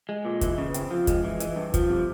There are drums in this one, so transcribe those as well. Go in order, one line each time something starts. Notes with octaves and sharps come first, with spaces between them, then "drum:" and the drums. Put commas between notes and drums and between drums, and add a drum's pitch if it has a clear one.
G#3
A#2
E3, drum: kick, hi-hat
C#3
C4, drum: hi-hat
F3
G#3, drum: kick, hi-hat
E3
E3, drum: hi-hat
G2
F3, drum: kick, hi-hat
C3